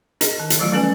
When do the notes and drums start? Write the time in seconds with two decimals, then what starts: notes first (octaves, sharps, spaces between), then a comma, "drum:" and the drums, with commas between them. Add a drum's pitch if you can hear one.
0.21 D4 G#4 A#4 D#5, drum: hi-hat
0.40 D#3
0.50 drum: hi-hat
0.59 E3 F#3 A3 F4
0.72 G3 A3 C#4 A4 B4 G#5